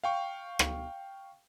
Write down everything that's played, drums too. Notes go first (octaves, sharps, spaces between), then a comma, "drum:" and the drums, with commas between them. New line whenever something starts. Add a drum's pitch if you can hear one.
F5 G5 C#6
drum: rim click